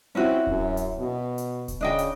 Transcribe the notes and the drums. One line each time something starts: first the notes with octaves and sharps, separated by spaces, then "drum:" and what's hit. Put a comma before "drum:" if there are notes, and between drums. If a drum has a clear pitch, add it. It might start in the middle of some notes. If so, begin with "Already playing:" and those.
C4 C#4 E4 F#4
F#2, drum: kick D1
drum: hi-hat
B2
drum: hi-hat
drum: kick D1, hi-hat
C#3 D4 D#5 G5
drum: hi-hat